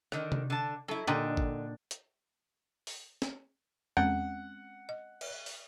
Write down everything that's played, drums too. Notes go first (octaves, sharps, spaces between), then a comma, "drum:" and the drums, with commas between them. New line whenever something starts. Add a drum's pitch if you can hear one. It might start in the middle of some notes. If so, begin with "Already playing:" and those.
D3 D#3, drum: rim click
drum: tom C3
D3 A5
F#3 E4 A4
A#2 D3 D#4 G4
drum: kick G#1
drum: hi-hat
drum: open hi-hat
drum: snare
G#3 C4 C#4 F#5, drum: tom E2
D#5
drum: cymbal
drum: open hi-hat